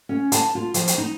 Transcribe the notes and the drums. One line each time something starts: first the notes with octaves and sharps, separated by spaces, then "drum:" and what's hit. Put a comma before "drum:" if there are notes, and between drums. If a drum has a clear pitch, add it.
C#4
A5, drum: hi-hat
F4
F3, drum: hi-hat
drum: hi-hat
D#4